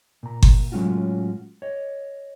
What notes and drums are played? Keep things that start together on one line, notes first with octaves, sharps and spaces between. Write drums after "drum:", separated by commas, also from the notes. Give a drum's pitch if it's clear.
A#2 A#5
drum: kick G1
A2 F#3 G#3 C#4 F4 F#4
C#5 D#5